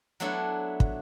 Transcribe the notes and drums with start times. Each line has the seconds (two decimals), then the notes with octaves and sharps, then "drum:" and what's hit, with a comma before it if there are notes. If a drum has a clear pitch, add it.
0.20 F#3 A3 B3 D4 E4
0.80 drum: kick